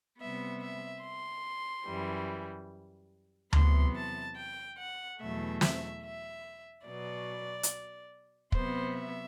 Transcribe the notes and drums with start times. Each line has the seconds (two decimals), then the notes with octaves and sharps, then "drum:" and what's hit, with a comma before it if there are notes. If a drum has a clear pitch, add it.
0.20 C3 G3 B3 E5
0.61 E5
1.03 C6
1.86 F#2 E3 G3
3.53 E2 C3 F#3 B3 C6, drum: tom D2
3.95 A5
4.36 G5
4.78 F#5
5.19 E2 B2 F#3 A3 E5
5.61 E5, drum: snare
6.03 E5
6.86 B2 F#3 B3 D5
7.63 drum: hi-hat
8.52 C3 F#3 B3 C5, drum: kick
8.95 E5